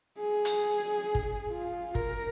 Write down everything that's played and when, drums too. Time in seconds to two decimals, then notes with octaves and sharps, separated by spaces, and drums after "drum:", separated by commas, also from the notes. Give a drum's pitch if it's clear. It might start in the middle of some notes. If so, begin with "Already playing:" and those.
0.19 G#4
0.45 drum: hi-hat
1.15 drum: kick
1.51 F4
1.95 A#4, drum: kick